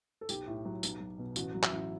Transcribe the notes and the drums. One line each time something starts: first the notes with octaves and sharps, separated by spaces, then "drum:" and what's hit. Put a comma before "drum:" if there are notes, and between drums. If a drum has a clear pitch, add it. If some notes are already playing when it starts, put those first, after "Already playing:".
A4
B1 G4, drum: tambourine
A2
F#3
B1, drum: tambourine
F#3
B2
A1 F#4, drum: tambourine
F#3
E4, drum: clap
A1